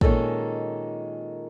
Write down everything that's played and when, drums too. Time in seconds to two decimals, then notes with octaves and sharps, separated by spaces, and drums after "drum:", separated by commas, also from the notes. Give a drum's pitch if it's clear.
0.01 A#2 D#3 G#3 C#4 A4, drum: kick